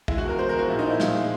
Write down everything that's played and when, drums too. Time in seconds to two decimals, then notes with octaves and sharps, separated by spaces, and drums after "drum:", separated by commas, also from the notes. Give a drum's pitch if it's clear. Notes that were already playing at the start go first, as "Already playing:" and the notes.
0.08 G#3 E4, drum: kick
0.18 F#4
0.24 E2 A#4
0.39 G#3 C5
0.49 A#4
0.53 F3
0.59 F#4
0.69 A#2 E4
0.79 D#4
0.85 F3 E4
1.00 A#2 F4, drum: snare
1.15 G#3